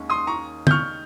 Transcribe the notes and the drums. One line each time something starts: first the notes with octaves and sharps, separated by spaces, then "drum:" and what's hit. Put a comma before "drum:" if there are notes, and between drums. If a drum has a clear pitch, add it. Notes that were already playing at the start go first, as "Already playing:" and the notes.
Already playing: D#2 D#3 G#3 C#4
C6 D#6
A#5 C#6
G6, drum: tom
C#6 F6